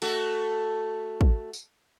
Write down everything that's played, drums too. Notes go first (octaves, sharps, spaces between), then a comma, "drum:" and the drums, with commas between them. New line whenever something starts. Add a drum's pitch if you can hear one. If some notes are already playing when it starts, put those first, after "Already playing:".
A3 F#4 A4, drum: cymbal
drum: kick
drum: tambourine